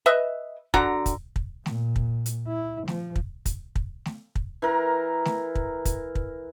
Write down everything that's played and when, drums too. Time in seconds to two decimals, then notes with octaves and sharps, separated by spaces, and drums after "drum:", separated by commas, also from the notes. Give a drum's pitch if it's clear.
0.06 B4 D#5 E5
0.74 D3 F#4 A#5, drum: kick
1.06 drum: kick, hi-hat
1.36 drum: kick
1.66 A#2, drum: snare A3
1.96 drum: kick
2.26 drum: hi-hat
2.48 E4
2.88 F3, drum: snare A3
3.16 drum: kick
3.46 drum: kick, hi-hat
3.76 drum: kick
4.06 drum: snare A3
4.35 drum: kick
4.62 E3 A#4
5.25 drum: snare A3
5.55 drum: kick
5.85 drum: kick, hi-hat
6.15 drum: kick